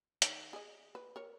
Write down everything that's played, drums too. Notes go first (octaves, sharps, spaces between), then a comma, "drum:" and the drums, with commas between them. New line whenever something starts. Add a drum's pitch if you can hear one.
D#3, drum: hi-hat
G#4 D#5
B4
A#4 C#5